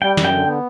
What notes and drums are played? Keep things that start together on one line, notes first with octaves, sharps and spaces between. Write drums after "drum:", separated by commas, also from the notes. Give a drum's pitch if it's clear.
G3 G5
F#2, drum: snare
G5
D3
B3